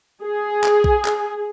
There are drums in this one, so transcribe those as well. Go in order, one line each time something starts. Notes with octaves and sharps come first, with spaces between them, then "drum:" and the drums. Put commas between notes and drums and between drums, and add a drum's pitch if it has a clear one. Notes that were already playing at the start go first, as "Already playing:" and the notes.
G#4
drum: clap
drum: kick A#1
drum: clap